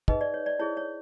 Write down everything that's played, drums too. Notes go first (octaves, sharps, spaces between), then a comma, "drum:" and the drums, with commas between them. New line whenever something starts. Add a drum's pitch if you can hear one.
D#4 G#4 B4 D#5, drum: kick
D5
C#5
D5
E4 G#4 C5 C#5
C#5